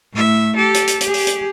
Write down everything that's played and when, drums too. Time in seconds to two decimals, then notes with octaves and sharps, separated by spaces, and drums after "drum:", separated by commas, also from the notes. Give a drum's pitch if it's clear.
0.13 A2 E5
0.55 G4 A4
0.74 drum: hi-hat
0.87 drum: hi-hat
1.01 G4 G#4, drum: hi-hat
1.14 drum: open hi-hat
1.27 drum: hi-hat